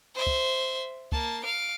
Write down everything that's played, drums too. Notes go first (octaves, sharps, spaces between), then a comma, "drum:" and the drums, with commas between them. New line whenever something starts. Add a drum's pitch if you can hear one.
C5 E5
drum: kick
A#3 A5, drum: kick
F5 D7